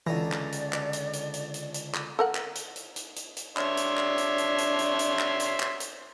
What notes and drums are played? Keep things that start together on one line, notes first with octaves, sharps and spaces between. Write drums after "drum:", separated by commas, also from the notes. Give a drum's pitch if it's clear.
C#2 D3 E3 D5 A#5
drum: clap
drum: hi-hat
drum: clap
drum: hi-hat
drum: hi-hat
drum: hi-hat
drum: hi-hat
drum: hi-hat
drum: clap
A4 A#4 F#5
drum: clap
drum: hi-hat
drum: hi-hat
drum: hi-hat
drum: hi-hat
drum: hi-hat
D4 C#5 E5 C6, drum: clap
drum: hi-hat
drum: clap
drum: hi-hat
drum: hi-hat
drum: hi-hat
drum: hi-hat
drum: hi-hat
drum: clap
drum: hi-hat
drum: clap
drum: hi-hat